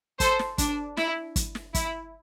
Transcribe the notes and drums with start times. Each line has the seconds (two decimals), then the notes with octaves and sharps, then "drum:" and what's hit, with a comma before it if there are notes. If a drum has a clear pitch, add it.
0.20 A4 C5, drum: kick, hi-hat
0.39 drum: snare
0.58 D4, drum: kick, hi-hat
0.97 E4, drum: snare
1.36 drum: kick, hi-hat
1.55 drum: snare
1.75 E4, drum: kick, hi-hat